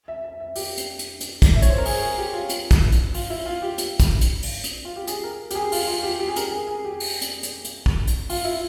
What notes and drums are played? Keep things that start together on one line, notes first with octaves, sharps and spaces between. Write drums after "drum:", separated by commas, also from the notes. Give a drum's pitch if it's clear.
E5
E5
E5
G4, drum: open hi-hat
drum: hi-hat
drum: hi-hat
drum: hi-hat
drum: kick, hi-hat
E5
C#5, drum: hi-hat
C5
A#4
G#4, drum: open hi-hat
G#4
G4
F4
drum: hi-hat
drum: kick, hi-hat
drum: hi-hat
F4, drum: open hi-hat
E4
F4
G4
drum: hi-hat
drum: kick, hi-hat
drum: hi-hat
drum: open hi-hat
drum: hi-hat
F4
G4
G#4, drum: hi-hat
A#4
G4, drum: hi-hat
G#4
F4, drum: open hi-hat
F4
G4
G4
G#4
A#4, drum: hi-hat
G#4
G#4
G4
drum: open hi-hat
drum: hi-hat
drum: hi-hat
drum: hi-hat
drum: kick
drum: hi-hat
F4, drum: open hi-hat
E4